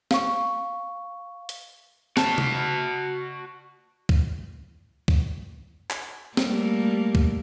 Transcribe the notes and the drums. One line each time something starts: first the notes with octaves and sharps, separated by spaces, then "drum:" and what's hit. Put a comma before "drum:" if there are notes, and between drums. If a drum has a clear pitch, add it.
F5 C#6, drum: snare
drum: hi-hat
F#4 A5, drum: snare
drum: tom C3
drum: kick
drum: kick
drum: clap
G3 A3 A#3, drum: snare
drum: kick